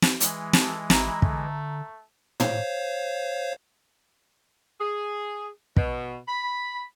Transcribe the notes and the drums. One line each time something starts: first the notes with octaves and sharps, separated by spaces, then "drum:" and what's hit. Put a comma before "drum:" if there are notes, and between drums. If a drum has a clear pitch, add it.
drum: snare
E3 G#3, drum: hi-hat
A4, drum: snare
G#1 E4 A#5, drum: snare
D3 A3, drum: kick
C5 C#5 F5, drum: tom
G#4
B2, drum: kick
B5